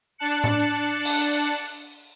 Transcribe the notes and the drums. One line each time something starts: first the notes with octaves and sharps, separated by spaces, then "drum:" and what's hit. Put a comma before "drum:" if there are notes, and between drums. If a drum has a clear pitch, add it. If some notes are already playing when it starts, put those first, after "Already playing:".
D4 A5 F#6 C#7
drum: tom A2
drum: open hi-hat